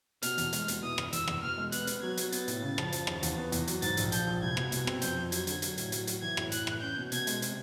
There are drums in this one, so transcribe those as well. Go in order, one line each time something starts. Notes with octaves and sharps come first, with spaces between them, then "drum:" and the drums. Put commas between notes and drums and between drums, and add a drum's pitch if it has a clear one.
B2 F6, drum: hi-hat
E2, drum: hi-hat
G#3, drum: hi-hat
B2, drum: hi-hat
E3 D#6
E1, drum: rim click
E2 E6, drum: hi-hat
E2, drum: rim click
B2 F6
G#3
B3 F#6, drum: hi-hat
B3, drum: hi-hat
F#3 G#6
F#3, drum: hi-hat
B3 A6, drum: hi-hat
A2, drum: hi-hat
C#3
F3, drum: rim click
F3, drum: hi-hat
D#2, drum: rim click
E2, drum: hi-hat
B3
E2, drum: hi-hat
F#3, drum: hi-hat
G#2 A6, drum: hi-hat
A#1, drum: hi-hat
F3 G6, drum: hi-hat
A#1
C2 G#6
B2, drum: rim click
B2, drum: hi-hat
C4, drum: rim click
F2 G6, drum: hi-hat
F2
F#3 G#6, drum: hi-hat
D3, drum: hi-hat
F#3, drum: hi-hat
A2, drum: hi-hat
F#3, drum: hi-hat
F#3, drum: hi-hat
E3 G#6
A2, drum: rim click
A2 F#6, drum: hi-hat
E3, drum: rim click
C#4 G6
B2
B2 G#6, drum: hi-hat
G#3, drum: hi-hat
C3, drum: hi-hat